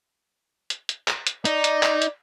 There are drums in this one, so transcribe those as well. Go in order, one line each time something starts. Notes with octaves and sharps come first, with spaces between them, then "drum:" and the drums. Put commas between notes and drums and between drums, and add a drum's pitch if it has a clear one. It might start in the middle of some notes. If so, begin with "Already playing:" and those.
drum: hi-hat
drum: hi-hat
drum: clap
drum: hi-hat
D#4 D5, drum: hi-hat
drum: hi-hat
drum: clap
drum: hi-hat